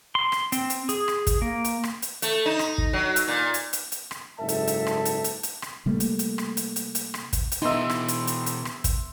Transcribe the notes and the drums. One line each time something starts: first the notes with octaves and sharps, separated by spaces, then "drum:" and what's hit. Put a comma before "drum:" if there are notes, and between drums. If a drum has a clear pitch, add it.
C6
drum: rim click
C4, drum: hi-hat
drum: hi-hat
G#4, drum: hi-hat
drum: rim click
drum: kick, hi-hat
A#3
drum: hi-hat
drum: rim click
drum: hi-hat
A3, drum: hi-hat
D#4
drum: rim click
drum: kick
F#3
drum: hi-hat
A#2
drum: hi-hat
drum: hi-hat
drum: hi-hat
drum: rim click
F#1 G#2 A4 E5 A5
drum: hi-hat
drum: hi-hat
drum: rim click
drum: hi-hat
drum: hi-hat
drum: hi-hat
drum: rim click
C3 G3 A3 A#3
drum: hi-hat
drum: hi-hat
drum: rim click
drum: hi-hat
drum: hi-hat
drum: hi-hat
drum: rim click
drum: kick, hi-hat
drum: hi-hat
B2 E3 B3 D#4 E5 C6
drum: rim click
drum: hi-hat
drum: hi-hat
drum: hi-hat
drum: rim click
drum: kick, hi-hat